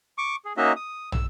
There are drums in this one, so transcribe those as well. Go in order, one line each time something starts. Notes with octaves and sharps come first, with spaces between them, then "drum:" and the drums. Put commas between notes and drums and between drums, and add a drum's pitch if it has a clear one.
C#6 D6
G#4
A#3 C#4 D#4 F#4 D#5 E5
D#6
E6, drum: tom